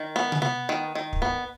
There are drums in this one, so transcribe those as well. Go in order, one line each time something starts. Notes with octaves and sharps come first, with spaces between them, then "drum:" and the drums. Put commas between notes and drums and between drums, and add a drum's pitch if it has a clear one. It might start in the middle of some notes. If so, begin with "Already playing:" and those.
Already playing: D#3
B3
drum: tom C3
B3
D#3
D#3
drum: kick
B3